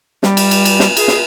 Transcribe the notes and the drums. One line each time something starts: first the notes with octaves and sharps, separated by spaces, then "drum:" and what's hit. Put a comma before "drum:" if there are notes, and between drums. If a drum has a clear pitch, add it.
G3, drum: snare
drum: cymbal
drum: cymbal
drum: cymbal
drum: snare
G#4, drum: cymbal
drum: snare